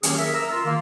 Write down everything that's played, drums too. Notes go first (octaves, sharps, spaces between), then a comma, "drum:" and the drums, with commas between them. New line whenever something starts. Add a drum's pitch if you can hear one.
D#3 F#3 A#3 C#4 G4 G#4, drum: hi-hat
A#4 E5
A#4 A#5 E6
F4
D#3 A#3